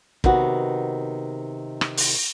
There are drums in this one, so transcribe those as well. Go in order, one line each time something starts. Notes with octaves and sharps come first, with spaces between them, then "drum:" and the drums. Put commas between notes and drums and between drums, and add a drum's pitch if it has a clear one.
C3 D#3 B3 F#4, drum: kick
drum: rim click
drum: open hi-hat